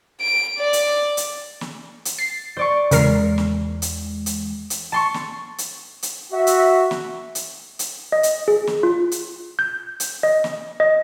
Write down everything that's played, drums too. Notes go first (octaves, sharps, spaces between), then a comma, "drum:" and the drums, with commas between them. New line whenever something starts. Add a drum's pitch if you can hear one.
D7
D5
drum: hi-hat
drum: hi-hat
drum: snare
drum: hi-hat
A6 C7
C5 D5 C#6
E2 C#3 E3 G#3 A#4 C7, drum: hi-hat
drum: snare
drum: hi-hat
drum: hi-hat
drum: hi-hat
A5 C6 C#6
drum: snare
drum: hi-hat
drum: hi-hat
F#4 E5
drum: hi-hat
drum: snare
drum: hi-hat
drum: hi-hat
D#5
drum: hi-hat
G#4
drum: snare
F4
drum: hi-hat
G6
drum: hi-hat
D#5
drum: snare
D#5